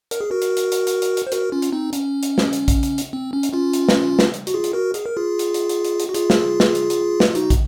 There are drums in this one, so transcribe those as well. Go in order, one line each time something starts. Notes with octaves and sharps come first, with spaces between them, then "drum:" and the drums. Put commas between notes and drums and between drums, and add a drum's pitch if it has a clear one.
A#4, drum: hi-hat
G#4
F#4 A#4
drum: hi-hat
drum: hi-hat
drum: hi-hat
drum: hi-hat
drum: hi-hat
drum: hi-hat
C5
F#4 A#4, drum: hi-hat
C#4 F4
drum: hi-hat
C4 D#4
C#4, drum: hi-hat
drum: hi-hat
drum: snare
drum: hi-hat
drum: kick, hi-hat
drum: hi-hat
drum: hi-hat
C4
C#4
drum: hi-hat
C#4 F4
drum: hi-hat
drum: snare
drum: snare
drum: hi-hat
F#4, drum: hi-hat
F4 G#4
drum: hi-hat
F#4 A#4
G#4, drum: hi-hat
A#4
F4 G#4
drum: hi-hat
drum: hi-hat
drum: hi-hat
drum: hi-hat
drum: hi-hat
F#4
F4 G#4, drum: hi-hat
drum: snare
drum: snare
drum: hi-hat
drum: hi-hat
drum: snare
F4
D#4 F#4, drum: hi-hat
drum: kick, hi-hat